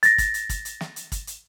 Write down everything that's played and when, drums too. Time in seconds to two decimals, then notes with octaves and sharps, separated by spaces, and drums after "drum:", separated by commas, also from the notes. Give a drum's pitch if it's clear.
0.03 A6 A#6, drum: hi-hat
0.18 drum: kick, hi-hat
0.34 drum: hi-hat
0.49 drum: kick, hi-hat
0.65 drum: hi-hat
0.81 drum: snare
0.96 drum: hi-hat
1.12 drum: kick, hi-hat
1.27 drum: hi-hat